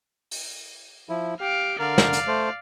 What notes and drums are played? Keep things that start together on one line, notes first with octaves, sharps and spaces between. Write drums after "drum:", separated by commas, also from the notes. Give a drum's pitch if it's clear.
drum: open hi-hat
F3 E4
G4 F5 G5 D7
D3 A#4 D5 F5
drum: snare
drum: hi-hat
A3 C5